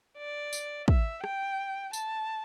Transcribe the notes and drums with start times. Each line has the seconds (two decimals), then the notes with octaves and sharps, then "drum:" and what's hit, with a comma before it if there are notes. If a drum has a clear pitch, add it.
0.18 D5
0.53 drum: tambourine
0.88 E5, drum: kick
1.24 G5, drum: rim click
1.93 A5, drum: tambourine